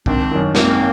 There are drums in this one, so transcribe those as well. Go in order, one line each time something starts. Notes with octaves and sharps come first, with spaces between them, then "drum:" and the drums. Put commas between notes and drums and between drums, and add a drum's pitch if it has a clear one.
G#1 C4 D4, drum: kick
F#2 D#3
G#1 A#3 C4, drum: snare